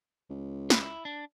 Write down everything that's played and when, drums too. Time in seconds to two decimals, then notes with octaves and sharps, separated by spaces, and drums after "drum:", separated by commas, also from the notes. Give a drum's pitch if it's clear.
0.30 C#2
0.70 F4 B4, drum: snare
0.82 E4
1.05 D4